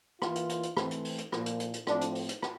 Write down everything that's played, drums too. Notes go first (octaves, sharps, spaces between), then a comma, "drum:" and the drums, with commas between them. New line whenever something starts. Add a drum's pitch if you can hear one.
E3 A#3 F4, drum: rim click
drum: hi-hat
drum: hi-hat
drum: hi-hat
E3 A3 C4, drum: rim click
drum: hi-hat
drum: open hi-hat
drum: hi-hat
A#2 F3 A#3, drum: rim click
drum: hi-hat
drum: hi-hat
drum: hi-hat
A2 F3 C4 D4, drum: rim click
drum: hi-hat
drum: open hi-hat
drum: hi-hat
drum: rim click